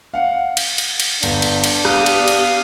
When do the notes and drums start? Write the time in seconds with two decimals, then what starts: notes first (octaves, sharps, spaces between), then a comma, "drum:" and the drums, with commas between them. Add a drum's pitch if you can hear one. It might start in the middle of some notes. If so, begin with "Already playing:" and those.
0.14 F5 F#5
0.57 drum: cymbal
0.78 drum: cymbal
1.00 drum: cymbal
1.23 G1 D4, drum: cymbal
1.42 drum: cymbal
1.64 drum: cymbal
1.85 B3 G4 F5 A5 D#6 F#6, drum: rim click
2.06 drum: cymbal
2.28 drum: cymbal